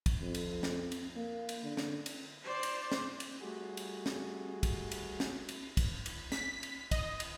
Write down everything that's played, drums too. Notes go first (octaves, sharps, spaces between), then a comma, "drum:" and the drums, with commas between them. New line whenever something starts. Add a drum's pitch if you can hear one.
drum: kick, cymbal
F2
drum: cymbal
drum: snare
drum: cymbal
A#3
drum: cymbal
D3
drum: snare
drum: cymbal
C5 D5
drum: cymbal
drum: snare
drum: cymbal
G3 A3 F#4 G#4
drum: cymbal
drum: snare
drum: kick, cymbal
drum: cymbal
drum: snare
drum: cymbal
drum: kick, cymbal
drum: cymbal
B6, drum: snare
drum: cymbal
D#5, drum: kick, cymbal
drum: cymbal